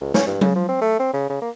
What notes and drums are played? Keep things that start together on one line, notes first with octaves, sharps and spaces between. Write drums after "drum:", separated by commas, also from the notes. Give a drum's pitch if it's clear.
C#2
C#4, drum: snare
G2
C#3, drum: tom F#3
F3
C4
A3
C4
C#3
C#3
A#3